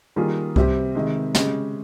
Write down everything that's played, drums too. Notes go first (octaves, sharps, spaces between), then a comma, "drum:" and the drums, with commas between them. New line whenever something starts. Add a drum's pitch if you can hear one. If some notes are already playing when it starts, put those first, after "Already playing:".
D#3 G3 A#3 F4 G#4
C3 G3 C4 G4, drum: kick C2
C3 D#3 G#3
C#3 G#3 C#4 G4, drum: snare